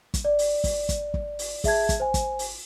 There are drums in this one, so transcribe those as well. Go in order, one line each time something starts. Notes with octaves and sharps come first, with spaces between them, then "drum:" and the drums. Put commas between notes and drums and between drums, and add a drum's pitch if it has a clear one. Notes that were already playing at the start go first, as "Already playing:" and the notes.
drum: kick, hi-hat
D5
drum: open hi-hat
drum: kick, open hi-hat
drum: kick, hi-hat
drum: kick
drum: open hi-hat
G#4 E5 A5 G#6, drum: kick, open hi-hat
drum: kick, hi-hat
C5 G#5
drum: kick, hi-hat
drum: open hi-hat